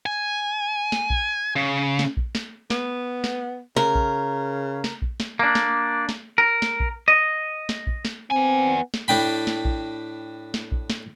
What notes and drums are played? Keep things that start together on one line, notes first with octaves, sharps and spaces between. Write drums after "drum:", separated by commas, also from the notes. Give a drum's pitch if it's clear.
G#5
drum: snare
drum: kick A#1
C#3
drum: snare
drum: kick A#1
drum: snare
B3, drum: snare
drum: snare
C#3 A#4, drum: snare
drum: kick A#1
drum: snare
drum: kick A#1
drum: snare
A#3 D4
drum: snare
drum: snare
A#4
drum: snare
drum: kick A#1
D#5
drum: snare
drum: kick A#1
drum: snare
B3 C4 G#5
drum: snare
A2 D4 G5 B5
drum: snare
drum: kick A#1
drum: snare
drum: kick A#1
drum: snare